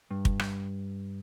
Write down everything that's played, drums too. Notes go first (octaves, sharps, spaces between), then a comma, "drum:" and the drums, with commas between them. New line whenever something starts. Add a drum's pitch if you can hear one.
G2
drum: kick
drum: rim click